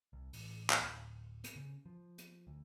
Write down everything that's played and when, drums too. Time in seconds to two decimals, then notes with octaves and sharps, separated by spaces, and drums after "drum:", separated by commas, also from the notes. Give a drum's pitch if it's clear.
0.13 C2
0.33 A1, drum: open hi-hat
0.70 drum: clap
0.81 D1
1.44 drum: hi-hat
1.56 C#3
1.86 F3
2.18 drum: hi-hat
2.47 D2